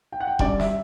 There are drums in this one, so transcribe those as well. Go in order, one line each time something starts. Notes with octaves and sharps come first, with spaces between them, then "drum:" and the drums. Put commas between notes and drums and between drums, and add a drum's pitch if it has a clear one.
G5
F#5
G5
F#2 D3 G3 D5, drum: kick E1
E5, drum: snare